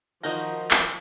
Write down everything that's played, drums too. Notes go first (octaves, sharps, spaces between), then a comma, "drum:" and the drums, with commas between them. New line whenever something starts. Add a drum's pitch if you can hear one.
D#3 F3 D#4 F#4 A#4 G6 A#6
drum: clap